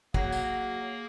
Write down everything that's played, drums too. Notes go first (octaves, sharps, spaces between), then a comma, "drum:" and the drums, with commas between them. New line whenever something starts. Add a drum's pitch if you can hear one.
F#3 A#3 G#4, drum: kick
drum: tambourine